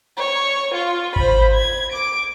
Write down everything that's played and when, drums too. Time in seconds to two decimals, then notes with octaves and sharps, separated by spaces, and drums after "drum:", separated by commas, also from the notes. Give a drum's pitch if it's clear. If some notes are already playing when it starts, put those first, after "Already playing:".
0.17 C#5
0.75 F4
1.16 C5 B5, drum: kick G#1
1.54 G#6
1.93 D6 D7